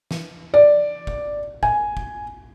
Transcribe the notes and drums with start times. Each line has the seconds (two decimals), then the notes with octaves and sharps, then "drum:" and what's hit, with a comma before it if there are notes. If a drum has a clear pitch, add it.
0.11 drum: snare
0.54 D5
1.07 drum: kick
1.63 G#5, drum: kick
1.97 drum: kick